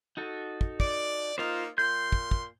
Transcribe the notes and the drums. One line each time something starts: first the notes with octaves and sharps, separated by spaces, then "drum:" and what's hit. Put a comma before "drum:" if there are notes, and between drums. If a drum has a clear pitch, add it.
D#4 F#4 A4
drum: kick
D5, drum: kick
A#3 D#4 F4 C5
A#2 C6 G6
drum: kick
drum: kick